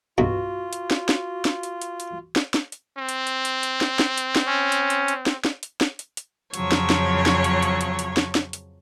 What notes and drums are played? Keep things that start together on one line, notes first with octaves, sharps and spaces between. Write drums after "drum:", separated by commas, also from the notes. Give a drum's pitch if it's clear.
B1 G2 B2 F4 F#4
drum: hi-hat
drum: snare
drum: snare
drum: snare
drum: hi-hat
drum: hi-hat
drum: hi-hat
drum: snare
drum: snare
drum: hi-hat
C4
drum: hi-hat
drum: hi-hat
drum: hi-hat
drum: hi-hat
drum: snare
drum: snare
drum: hi-hat
drum: snare
C#4
drum: hi-hat
drum: hi-hat
drum: hi-hat
drum: snare
drum: snare
drum: hi-hat
drum: snare
drum: hi-hat
drum: hi-hat
F2 C#3 F3 F#3 C#5, drum: hi-hat
drum: snare
drum: snare
drum: snare
drum: hi-hat
drum: hi-hat
drum: hi-hat
drum: hi-hat
drum: snare
drum: snare
drum: hi-hat